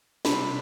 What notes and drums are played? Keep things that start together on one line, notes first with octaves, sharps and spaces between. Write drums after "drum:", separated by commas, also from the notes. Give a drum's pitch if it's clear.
C3 G3 D4 B5, drum: snare